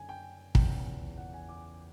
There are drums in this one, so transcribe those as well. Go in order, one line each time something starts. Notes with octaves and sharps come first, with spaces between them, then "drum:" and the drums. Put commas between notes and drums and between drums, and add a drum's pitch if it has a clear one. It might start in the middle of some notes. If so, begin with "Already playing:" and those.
Already playing: F#1 F#2 D3 F#3 G#5
G5
E2 C#3 F3 G5, drum: kick
F#5
G#5
D6